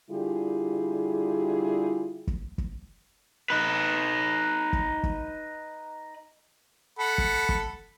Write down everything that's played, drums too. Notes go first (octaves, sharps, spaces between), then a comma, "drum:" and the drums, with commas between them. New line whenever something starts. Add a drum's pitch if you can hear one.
D3 G3 E4 F4 G4 G#4
drum: kick
drum: kick
D#4 B4
drum: kick
drum: kick
A4 F#5 B5
drum: kick
drum: kick